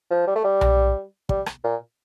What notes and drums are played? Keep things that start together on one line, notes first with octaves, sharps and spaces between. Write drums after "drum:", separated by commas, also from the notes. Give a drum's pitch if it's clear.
F3
G3
A3
G3
drum: tom B1
G3, drum: kick
drum: rim click
A#2